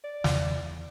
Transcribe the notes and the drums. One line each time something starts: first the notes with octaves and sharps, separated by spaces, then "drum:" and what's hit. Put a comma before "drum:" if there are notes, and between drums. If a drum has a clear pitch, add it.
D5
E2, drum: snare